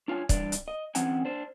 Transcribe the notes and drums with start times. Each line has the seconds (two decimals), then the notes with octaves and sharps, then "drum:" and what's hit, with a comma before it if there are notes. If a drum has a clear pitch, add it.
0.08 D4 F4 C#5 G#5
0.29 G2 E3 D4 D5, drum: kick, hi-hat
0.52 drum: hi-hat
0.68 D#5
0.95 E3 C4 C#4 F#5 G#5, drum: hi-hat
1.25 D4 C5